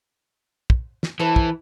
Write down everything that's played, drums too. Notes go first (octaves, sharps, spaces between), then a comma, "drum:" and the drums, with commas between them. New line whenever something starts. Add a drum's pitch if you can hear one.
drum: kick
drum: snare
E3 A4 B4 C5
drum: kick